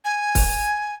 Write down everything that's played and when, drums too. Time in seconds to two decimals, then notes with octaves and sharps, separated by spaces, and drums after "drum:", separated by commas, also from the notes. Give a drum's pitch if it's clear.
0.05 G#5
0.35 drum: kick, open hi-hat